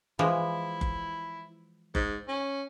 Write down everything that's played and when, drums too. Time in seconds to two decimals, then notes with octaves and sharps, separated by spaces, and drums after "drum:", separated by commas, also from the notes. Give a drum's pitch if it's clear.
0.19 E3 F3 G#3 E4
0.81 drum: kick F#1
1.95 G#2, drum: kick F#1
2.28 C#4